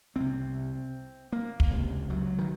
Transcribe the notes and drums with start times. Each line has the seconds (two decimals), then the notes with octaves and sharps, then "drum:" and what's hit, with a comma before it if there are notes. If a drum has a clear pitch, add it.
0.16 C2 C3 C4
1.32 A#3
1.60 drum: kick
1.71 C#2 C3
2.10 F#3
2.39 D#3